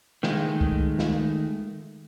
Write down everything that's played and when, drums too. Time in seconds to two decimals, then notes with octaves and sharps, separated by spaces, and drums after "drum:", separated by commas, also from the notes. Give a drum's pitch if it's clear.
0.23 D#3 G#3 A3, drum: snare
0.61 drum: kick
0.99 drum: snare